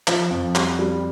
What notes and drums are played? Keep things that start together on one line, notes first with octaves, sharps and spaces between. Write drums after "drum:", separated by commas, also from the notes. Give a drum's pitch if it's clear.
F3, drum: clap
F2
G3, drum: clap
G3